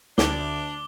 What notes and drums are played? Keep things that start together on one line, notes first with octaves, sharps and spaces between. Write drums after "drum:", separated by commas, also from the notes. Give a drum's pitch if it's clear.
D2 D4 D6 G7, drum: snare